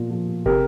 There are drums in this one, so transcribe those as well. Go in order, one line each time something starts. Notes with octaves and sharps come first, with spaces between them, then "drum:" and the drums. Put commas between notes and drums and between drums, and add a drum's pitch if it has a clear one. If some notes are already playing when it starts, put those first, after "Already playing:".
Already playing: A#2 F3
F3
C3 G4 A#4, drum: kick